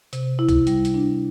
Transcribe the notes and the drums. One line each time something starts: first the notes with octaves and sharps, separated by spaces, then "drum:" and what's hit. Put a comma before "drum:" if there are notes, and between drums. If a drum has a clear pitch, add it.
C3, drum: hi-hat
E4
drum: kick C2, hi-hat
G3, drum: hi-hat
drum: hi-hat
D4